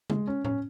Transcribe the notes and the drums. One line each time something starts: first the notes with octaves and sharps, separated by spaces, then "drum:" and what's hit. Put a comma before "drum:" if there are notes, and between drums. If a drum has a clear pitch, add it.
G#3, drum: tom C#3
C#4
C#4, drum: tom A2